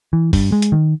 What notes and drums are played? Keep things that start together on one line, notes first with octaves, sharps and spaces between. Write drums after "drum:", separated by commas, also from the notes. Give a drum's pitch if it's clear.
E3
G2, drum: kick, open hi-hat
G#3
drum: hi-hat
D#3